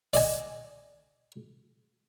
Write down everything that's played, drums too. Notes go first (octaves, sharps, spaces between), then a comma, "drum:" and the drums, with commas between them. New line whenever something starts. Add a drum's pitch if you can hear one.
D5 D#5 G#5, drum: open hi-hat